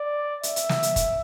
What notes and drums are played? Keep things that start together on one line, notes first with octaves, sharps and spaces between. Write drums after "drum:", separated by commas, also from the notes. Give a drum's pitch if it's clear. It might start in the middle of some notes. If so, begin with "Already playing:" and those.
Already playing: D5
E5, drum: hi-hat
drum: hi-hat
drum: snare
drum: hi-hat
drum: kick, hi-hat